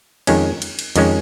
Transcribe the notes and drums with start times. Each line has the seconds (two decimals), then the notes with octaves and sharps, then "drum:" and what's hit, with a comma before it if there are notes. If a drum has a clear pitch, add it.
0.27 F2 D#3 G#3 C#4, drum: cymbal
0.62 drum: cymbal
0.79 drum: cymbal
0.96 F2 D#3 G#3 C#4, drum: cymbal